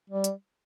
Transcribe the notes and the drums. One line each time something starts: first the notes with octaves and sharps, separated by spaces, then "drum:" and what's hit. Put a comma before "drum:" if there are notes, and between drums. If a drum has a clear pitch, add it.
G3
drum: hi-hat